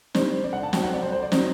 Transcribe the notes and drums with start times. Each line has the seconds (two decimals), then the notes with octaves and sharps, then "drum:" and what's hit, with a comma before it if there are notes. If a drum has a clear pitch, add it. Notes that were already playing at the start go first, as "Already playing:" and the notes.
0.15 D#3 G3 D4 C5, drum: snare
0.44 D5
0.53 F#5
0.63 A5
0.73 F#3 C4 D#4 G5, drum: snare
0.83 F#5
0.93 D5
1.02 C5
1.12 C5
1.23 D5
1.32 D#3 F#3 C4 D#4, drum: snare